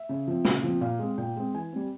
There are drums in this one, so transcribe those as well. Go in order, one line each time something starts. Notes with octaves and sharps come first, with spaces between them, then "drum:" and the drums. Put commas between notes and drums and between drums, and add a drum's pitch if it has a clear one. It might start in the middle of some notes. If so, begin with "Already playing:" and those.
Already playing: E5
C#3
F3 C4
C#3, drum: snare A#3
F3 C4
A#2 F5
G#3 C4
A#2 G5
G#3 C4
E3 G#5
G3 C4